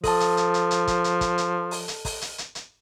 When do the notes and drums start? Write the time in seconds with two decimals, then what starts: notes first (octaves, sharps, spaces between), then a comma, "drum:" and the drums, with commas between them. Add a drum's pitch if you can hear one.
0.04 F3 A4 A5, drum: kick, open hi-hat
0.20 drum: hi-hat
0.37 drum: hi-hat
0.54 drum: hi-hat
0.71 drum: hi-hat
0.87 drum: kick, hi-hat
1.04 drum: hi-hat
1.21 drum: kick, hi-hat
1.38 drum: hi-hat
1.71 drum: open hi-hat
1.88 drum: hi-hat
2.05 drum: kick, open hi-hat
2.21 drum: hi-hat
2.38 drum: hi-hat
2.55 drum: hi-hat